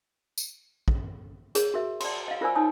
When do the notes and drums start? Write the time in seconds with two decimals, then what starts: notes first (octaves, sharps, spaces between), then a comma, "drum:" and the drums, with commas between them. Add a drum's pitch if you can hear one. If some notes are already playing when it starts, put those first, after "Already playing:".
0.38 drum: tambourine
0.88 drum: kick
1.55 G#4 A#4 C#5, drum: hi-hat
1.74 F#4 A#4 E5
2.00 D5 C6, drum: cymbal
2.28 D#5 F5
2.41 F4 A#4 C5 D5 G#5 E6
2.55 D#4 C#5 G#5 A5 D#6